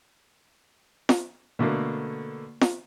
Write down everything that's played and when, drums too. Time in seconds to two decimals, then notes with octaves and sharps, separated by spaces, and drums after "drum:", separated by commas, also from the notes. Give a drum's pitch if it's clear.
1.09 drum: snare F4
1.59 B2 D3 A3 A#3
2.61 drum: snare F4